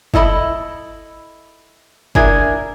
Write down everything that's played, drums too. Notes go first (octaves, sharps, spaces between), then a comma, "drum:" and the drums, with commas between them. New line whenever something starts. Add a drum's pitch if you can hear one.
E4 A4 D#5 B5, drum: kick
D4 E4 G#4 A#4, drum: kick